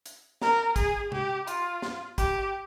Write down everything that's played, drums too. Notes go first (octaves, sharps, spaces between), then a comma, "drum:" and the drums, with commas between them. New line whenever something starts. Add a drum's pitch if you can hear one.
drum: hi-hat
A#4, drum: snare
G#4, drum: kick, hi-hat
G4, drum: tom C3
F4, drum: hi-hat
drum: snare
G4, drum: kick, hi-hat